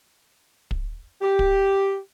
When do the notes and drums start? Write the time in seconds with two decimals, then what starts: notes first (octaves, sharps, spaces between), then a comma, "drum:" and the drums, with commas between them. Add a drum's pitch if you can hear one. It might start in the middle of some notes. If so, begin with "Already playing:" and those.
0.71 drum: kick
1.22 G4
1.39 drum: kick